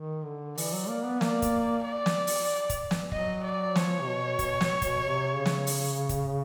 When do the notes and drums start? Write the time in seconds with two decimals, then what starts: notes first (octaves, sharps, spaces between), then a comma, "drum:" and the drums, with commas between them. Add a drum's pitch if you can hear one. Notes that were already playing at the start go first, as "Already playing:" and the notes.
Already playing: D#3
0.25 D3
0.57 E3 D5, drum: open hi-hat
0.73 F#3
0.88 A#3
1.05 B3
1.21 A#3 D5, drum: snare
1.42 drum: kick, hi-hat
1.84 D5
2.06 drum: snare
2.27 drum: open hi-hat
2.69 drum: kick, hi-hat
2.91 drum: snare
3.12 F#3 D#5, drum: kick
3.44 D5
3.75 F3 C#5, drum: snare
4.01 C3
4.08 B2
4.39 B2, drum: kick, hi-hat
4.61 drum: snare
4.82 B2, drum: kick, hi-hat
5.03 C3
5.35 C#3
5.45 drum: snare
5.67 drum: open hi-hat
6.09 drum: kick, hi-hat